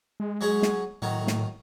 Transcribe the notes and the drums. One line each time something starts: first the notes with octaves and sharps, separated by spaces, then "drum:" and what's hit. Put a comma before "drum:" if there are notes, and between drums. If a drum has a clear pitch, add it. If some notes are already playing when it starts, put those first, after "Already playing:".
G#3
F#3 C#4 G#4
drum: snare
A2 D#3 F#3
drum: snare